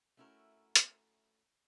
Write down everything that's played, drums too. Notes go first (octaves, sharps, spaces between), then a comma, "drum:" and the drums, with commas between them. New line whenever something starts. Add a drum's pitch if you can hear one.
A3 C#4 E4 F#4 A#4
drum: hi-hat